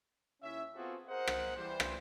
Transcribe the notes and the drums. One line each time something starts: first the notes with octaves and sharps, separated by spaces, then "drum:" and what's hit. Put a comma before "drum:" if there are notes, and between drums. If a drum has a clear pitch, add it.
D#2 C#4 E4 E5
B3 C4 F4 F#4 G#4 A4
G#4 A#4 C5 D#5 F#5
drum: rim click
E3 G3 C5
drum: rim click